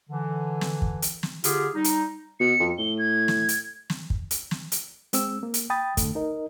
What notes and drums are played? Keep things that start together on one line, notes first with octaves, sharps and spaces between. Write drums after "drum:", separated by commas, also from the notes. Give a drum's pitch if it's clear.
D3 E3
drum: snare
drum: kick
drum: hi-hat
drum: snare
D3 F4 G4 G#4, drum: hi-hat
G3 D#4
drum: hi-hat
B2 C#7
F2
A2 G7
G#6
drum: snare
drum: hi-hat
drum: snare
drum: kick
drum: hi-hat
drum: snare
drum: hi-hat
G#3 C4 E6, drum: hi-hat
A#3
drum: hi-hat
G5 B5 D#6 A6
D3 A3, drum: kick, hi-hat
D#4 A#4 D#5